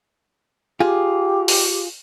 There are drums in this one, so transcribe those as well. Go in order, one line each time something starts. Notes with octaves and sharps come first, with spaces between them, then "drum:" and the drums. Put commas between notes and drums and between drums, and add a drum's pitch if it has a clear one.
F4 G4 G#4
drum: open hi-hat